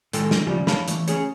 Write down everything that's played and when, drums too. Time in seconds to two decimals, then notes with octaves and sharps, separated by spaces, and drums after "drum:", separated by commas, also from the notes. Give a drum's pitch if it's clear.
0.13 A2 D#3 G#3 A4 G5 A#5, drum: hi-hat
0.31 drum: snare
0.46 D#2 C#3 F3 G3
0.67 C#5 F5 A5 B5, drum: snare
0.88 E3 A3, drum: hi-hat
1.08 C#4 G#4 C#5, drum: hi-hat